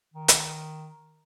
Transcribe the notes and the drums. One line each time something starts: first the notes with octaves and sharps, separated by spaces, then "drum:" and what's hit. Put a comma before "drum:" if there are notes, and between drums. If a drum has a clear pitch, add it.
D#3
drum: hi-hat